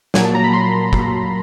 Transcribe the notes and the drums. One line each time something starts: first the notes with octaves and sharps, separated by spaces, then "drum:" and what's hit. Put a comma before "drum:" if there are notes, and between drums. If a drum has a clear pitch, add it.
A#2 F#3 A#3 G#5, drum: snare
A5
A#5
B5
C6
drum: kick